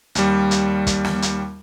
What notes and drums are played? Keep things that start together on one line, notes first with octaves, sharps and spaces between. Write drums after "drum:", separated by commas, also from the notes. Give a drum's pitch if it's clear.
D#2 G3, drum: hi-hat
drum: hi-hat
drum: kick, hi-hat
drum: snare
drum: hi-hat